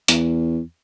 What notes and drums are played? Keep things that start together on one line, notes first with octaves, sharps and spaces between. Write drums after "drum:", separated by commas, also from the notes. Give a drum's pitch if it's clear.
E2, drum: hi-hat